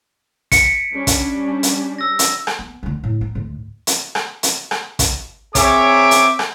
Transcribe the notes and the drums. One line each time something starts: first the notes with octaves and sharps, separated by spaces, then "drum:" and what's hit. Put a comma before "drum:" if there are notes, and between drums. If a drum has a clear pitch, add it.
B6 C#7 D7, drum: kick, hi-hat
G3 C#4 D4
drum: kick, hi-hat
drum: hi-hat
E6 A#6
drum: hi-hat
drum: rim click
B3
D2 D3
A2
D#4
D2 G#2
drum: hi-hat
drum: rim click
drum: hi-hat
drum: rim click
drum: kick, hi-hat
C4 G#4 A#4 C#5 E5 D6, drum: kick, hi-hat
drum: hi-hat
drum: rim click